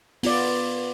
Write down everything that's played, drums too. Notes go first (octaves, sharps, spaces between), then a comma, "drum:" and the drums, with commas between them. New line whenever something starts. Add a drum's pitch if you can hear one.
B3 F4 D5, drum: open hi-hat